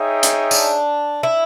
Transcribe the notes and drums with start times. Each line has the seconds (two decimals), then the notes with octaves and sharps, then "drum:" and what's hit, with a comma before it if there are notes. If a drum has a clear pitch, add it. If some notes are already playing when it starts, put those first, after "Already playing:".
Already playing: D#4 G#4 C#5 E5 G5
0.23 drum: hi-hat
0.51 D4, drum: tambourine
1.23 E4